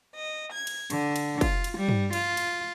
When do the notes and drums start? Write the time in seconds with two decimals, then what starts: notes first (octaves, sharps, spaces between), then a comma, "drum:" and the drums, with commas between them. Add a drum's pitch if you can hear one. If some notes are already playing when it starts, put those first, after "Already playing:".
0.14 D#5
0.53 G#6
0.67 drum: cymbal
0.90 D3, drum: cymbal
1.16 drum: cymbal
1.41 F4, drum: kick, cymbal
1.64 drum: cymbal
1.78 G3
1.89 drum: tom G2
2.13 F4, drum: cymbal
2.37 drum: cymbal